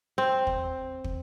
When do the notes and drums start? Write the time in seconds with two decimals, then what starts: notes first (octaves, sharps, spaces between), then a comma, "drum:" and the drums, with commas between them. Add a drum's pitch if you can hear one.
0.18 C4
0.47 drum: kick
1.04 drum: kick